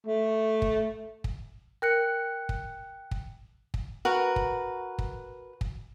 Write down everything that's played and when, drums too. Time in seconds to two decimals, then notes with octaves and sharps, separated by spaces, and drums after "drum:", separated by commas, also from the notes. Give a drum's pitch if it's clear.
0.07 A3
0.62 drum: kick
1.24 drum: kick
1.82 A#4 G5 F#6 C#7
2.49 drum: kick
3.11 drum: kick
3.74 drum: kick
4.05 F#4 A#4 B4
4.36 drum: kick
4.99 drum: kick
5.61 drum: kick